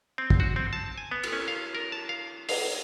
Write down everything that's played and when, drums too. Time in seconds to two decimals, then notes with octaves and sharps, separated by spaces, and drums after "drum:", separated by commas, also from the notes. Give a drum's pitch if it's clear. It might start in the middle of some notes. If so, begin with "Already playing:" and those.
0.18 C4
0.30 drum: kick
0.40 F#4
0.56 C4
0.73 A5
0.97 G#5
1.11 B3
1.23 drum: cymbal
1.33 C#4
1.48 F5
1.75 A#4
1.92 A5
2.09 F5
2.49 F5, drum: open hi-hat